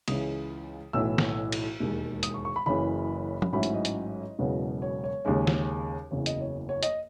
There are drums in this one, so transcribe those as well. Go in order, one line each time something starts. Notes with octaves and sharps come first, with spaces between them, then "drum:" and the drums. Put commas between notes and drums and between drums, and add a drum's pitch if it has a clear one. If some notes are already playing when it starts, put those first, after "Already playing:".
C#2 C#3 E3 G#3 D#6, drum: cymbal
B1 A2 E3 E6
drum: snare
drum: cymbal
E1 D#2 D#3 G#3
D#6, drum: hi-hat
C#6
C#6
B5
F#1 F#2 C#3 E3 B5
drum: tom F3
A1 G#2 F#3 C#4 E4 B5
drum: hi-hat
D#5
drum: hi-hat
E1 E2 C#3 F#3 B3
C#5
C#5
D#2 C#3 G#3 C#4
drum: snare
F#1 E2 C#3 C#5
D#5, drum: hi-hat
C#5
C#5
D#5, drum: hi-hat